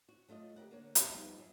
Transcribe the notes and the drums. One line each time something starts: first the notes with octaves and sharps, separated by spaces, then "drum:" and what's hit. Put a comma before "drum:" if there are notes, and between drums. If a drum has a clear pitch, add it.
F#4
F#3 A3 F4 D#5
G4 A#4 F#5
D3 A#3 A#4 C#5
drum: hi-hat
F3 G3 B3 D#4 F4 G4
F#2 F#3